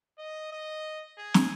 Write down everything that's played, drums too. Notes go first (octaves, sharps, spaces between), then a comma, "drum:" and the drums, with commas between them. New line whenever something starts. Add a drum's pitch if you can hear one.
D#5
D#5
G#4
drum: snare